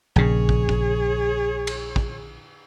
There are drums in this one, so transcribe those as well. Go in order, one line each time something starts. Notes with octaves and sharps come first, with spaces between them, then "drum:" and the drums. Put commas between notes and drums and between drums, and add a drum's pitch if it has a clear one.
A#1 C#3 G#4 C#5
drum: kick
drum: kick
drum: cymbal
drum: kick